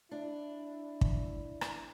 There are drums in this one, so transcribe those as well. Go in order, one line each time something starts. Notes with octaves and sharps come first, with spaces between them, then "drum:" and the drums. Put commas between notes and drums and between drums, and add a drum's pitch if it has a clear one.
D4 E4
drum: kick
drum: rim click